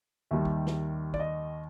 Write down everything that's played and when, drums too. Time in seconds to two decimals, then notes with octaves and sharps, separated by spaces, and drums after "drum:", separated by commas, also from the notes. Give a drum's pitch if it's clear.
0.31 D#2 D#3 G3 E5
0.45 drum: kick
0.67 drum: snare
1.14 D5, drum: kick
1.20 D#5